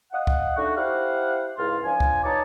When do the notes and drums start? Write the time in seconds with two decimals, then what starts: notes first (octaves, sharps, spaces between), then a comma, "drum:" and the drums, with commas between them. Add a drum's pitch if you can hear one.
0.12 D#5 F5 F#5
0.27 drum: kick C#2
0.56 A3 D4 D#4 F#4
0.76 E4 G4 C5 F5 F#5
1.57 C#2 G#2 E4 F4
1.84 F3 D4 G#5
2.00 drum: kick C#2
2.24 D#4 B4 C#5 D5 A5